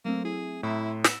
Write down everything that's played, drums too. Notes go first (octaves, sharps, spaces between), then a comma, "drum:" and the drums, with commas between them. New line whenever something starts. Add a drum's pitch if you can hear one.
F#3 A3 A#3 C4
E4 G#4
A2 E4 A#5 C6 E6
B3 E6 E7, drum: snare